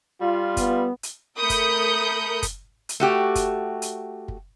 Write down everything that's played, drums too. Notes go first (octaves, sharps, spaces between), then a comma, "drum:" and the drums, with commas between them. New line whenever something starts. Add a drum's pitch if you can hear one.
G3 F4
B3, drum: kick, hi-hat
drum: hi-hat
A3 A#4 B5 D#6 G6 C#7
drum: kick, hi-hat
drum: kick, hi-hat
drum: hi-hat
A3 F#4 G4
drum: kick, hi-hat
drum: hi-hat
drum: kick